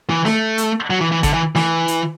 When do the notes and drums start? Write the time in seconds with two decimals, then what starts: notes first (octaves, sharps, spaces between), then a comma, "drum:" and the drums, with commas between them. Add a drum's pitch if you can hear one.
0.10 E3
0.25 A3, drum: snare
0.58 drum: hi-hat
0.90 F#3
1.01 E3
1.12 E3
1.23 D3, drum: kick G#1, hi-hat
1.34 E3
1.55 E3, drum: snare
1.88 drum: hi-hat